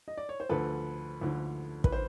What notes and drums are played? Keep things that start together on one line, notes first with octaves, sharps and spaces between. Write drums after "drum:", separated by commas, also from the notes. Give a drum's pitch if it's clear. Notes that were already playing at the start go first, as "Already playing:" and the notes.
D#5
D5
C#5
C5
D2 D3 F3 A4 B4
D2 D3 F3
B4, drum: kick
C5